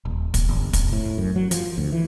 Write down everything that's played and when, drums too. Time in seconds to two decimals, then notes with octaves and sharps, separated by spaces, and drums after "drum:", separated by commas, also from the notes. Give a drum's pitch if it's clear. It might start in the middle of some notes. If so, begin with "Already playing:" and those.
0.05 D#1
0.34 D#1, drum: kick, hi-hat
0.49 G1
0.73 F1, drum: kick, hi-hat
0.93 A2
1.18 F#2
1.36 F#3
1.51 F3, drum: hi-hat
1.78 D2
1.92 E3